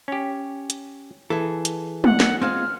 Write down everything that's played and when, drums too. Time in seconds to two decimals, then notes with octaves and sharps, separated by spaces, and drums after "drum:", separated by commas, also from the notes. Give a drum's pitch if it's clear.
0.08 C#4 G4
0.70 drum: hi-hat
1.30 E3 G#4 A4
1.65 drum: hi-hat
2.04 F#5, drum: tom
2.20 drum: snare
2.42 G#3 C4 F4 G#4 F6